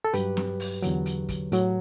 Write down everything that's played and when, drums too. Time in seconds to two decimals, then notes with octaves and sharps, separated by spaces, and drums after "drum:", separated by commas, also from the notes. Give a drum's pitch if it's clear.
0.05 A4
0.13 G2 F#3 G4 B4, drum: hi-hat
0.37 drum: snare
0.60 drum: open hi-hat
0.82 E2 D3 F#3, drum: hi-hat
1.06 drum: hi-hat
1.29 drum: kick, hi-hat
1.52 A2 F#3, drum: hi-hat